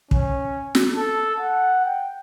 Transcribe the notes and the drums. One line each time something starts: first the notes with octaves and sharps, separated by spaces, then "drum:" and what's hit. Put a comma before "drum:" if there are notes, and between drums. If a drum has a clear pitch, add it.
C#4, drum: kick
drum: snare
A4
F#5
G5